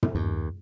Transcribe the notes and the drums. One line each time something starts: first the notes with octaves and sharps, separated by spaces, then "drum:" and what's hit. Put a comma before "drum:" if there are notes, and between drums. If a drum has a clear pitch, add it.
drum: tom
D#2